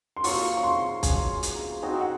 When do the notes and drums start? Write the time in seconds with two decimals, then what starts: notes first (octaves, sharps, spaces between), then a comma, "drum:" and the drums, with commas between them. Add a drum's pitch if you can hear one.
0.17 C6
0.24 F#3 A#3 F4 C5 C#6, drum: open hi-hat
0.57 C#6
0.63 C6
1.03 G#5, drum: kick, hi-hat
1.29 C6
1.43 drum: hi-hat
1.56 A#5
1.82 C4 D#4 F#4 G#5
2.01 F#5